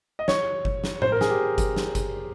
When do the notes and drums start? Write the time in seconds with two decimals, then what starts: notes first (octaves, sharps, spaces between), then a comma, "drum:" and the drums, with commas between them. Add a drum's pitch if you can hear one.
0.19 D#5
0.28 C#5, drum: snare
0.65 drum: kick G1
0.84 drum: snare
1.02 C5, drum: tom A2
1.12 A#4
1.21 G#4, drum: snare
1.30 G4
1.58 drum: kick G1, hi-hat
1.76 drum: snare
1.95 drum: kick G1, hi-hat